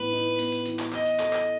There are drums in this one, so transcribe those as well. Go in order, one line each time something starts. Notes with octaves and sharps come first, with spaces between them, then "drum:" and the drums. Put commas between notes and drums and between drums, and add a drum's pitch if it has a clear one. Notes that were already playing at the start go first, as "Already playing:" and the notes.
Already playing: A2 E3 B3 B4
D#4
B3, drum: hi-hat
drum: hi-hat
E3, drum: hi-hat
drum: clap
E3 D#5, drum: clap
drum: hi-hat
A4, drum: clap
drum: clap